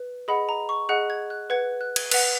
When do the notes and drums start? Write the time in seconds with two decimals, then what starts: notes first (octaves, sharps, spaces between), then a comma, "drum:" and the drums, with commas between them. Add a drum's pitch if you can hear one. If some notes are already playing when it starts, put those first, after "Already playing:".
Already playing: B4
0.28 G#4 D#5 F#5 B5
0.49 A#5
0.69 C#6
0.89 G#4 D#5 F#5 F#6
1.10 G#6
1.30 F#6
1.50 B4 F#5 G#6
1.81 F#6
1.96 G#6, drum: cymbal
2.11 B4 F#5 F#6, drum: cymbal